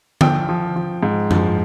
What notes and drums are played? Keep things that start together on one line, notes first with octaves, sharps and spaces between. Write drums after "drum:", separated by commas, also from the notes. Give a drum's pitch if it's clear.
F3 G5, drum: tom D3
F3
F3
G#2
F3, drum: tom F#2